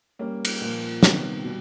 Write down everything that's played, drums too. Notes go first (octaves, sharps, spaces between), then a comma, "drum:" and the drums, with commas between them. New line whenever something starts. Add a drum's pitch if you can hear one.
G3 A#3 C#4
drum: cymbal
A#2 F3 A#3
C3 D#3 G3 B3, drum: snare
B2 G3